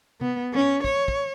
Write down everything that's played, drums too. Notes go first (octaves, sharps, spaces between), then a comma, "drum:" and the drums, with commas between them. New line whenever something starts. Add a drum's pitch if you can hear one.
B3, drum: tom C3
C#4
C#5, drum: kick
drum: kick